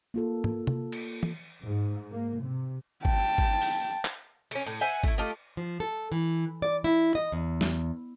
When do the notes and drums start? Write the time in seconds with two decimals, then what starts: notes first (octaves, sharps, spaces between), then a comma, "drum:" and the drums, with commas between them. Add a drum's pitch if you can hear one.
0.14 A#3 F4 A4
0.44 drum: tom
0.67 drum: tom C3
0.92 drum: cymbal
1.23 drum: tom
1.63 G#2
2.11 A#3
2.40 C3
3.05 G5 A5, drum: kick
3.38 drum: kick
3.62 drum: open hi-hat
4.05 drum: clap
4.51 A3 C#4, drum: cymbal
4.66 A2
4.81 C5 E5 F#5 G#5
5.04 A3 E4, drum: kick
5.18 A3 F4 G4 D#5
5.57 F3
5.80 A4
6.12 E3
6.62 D5
6.84 E4
7.15 D#5
7.32 E2
7.61 drum: snare